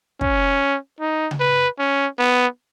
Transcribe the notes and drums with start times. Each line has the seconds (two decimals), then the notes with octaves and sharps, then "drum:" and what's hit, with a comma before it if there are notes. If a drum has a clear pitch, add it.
0.21 C#4, drum: kick
1.00 D#4
1.31 drum: tom C#3
1.40 B4
1.79 C#4
2.19 B3